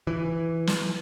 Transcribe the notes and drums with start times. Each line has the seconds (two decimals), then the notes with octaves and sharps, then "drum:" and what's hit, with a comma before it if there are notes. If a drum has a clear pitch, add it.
0.07 E3
0.67 drum: snare